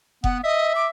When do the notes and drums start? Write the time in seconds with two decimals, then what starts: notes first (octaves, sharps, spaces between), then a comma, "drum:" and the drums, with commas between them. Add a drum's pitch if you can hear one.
0.24 B3 F#5, drum: kick F1
0.44 D#5 E5
0.75 D6